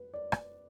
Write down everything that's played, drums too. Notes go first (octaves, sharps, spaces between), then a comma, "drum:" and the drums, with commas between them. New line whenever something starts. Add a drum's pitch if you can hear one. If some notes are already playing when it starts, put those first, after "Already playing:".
Already playing: B4
D5
drum: rim click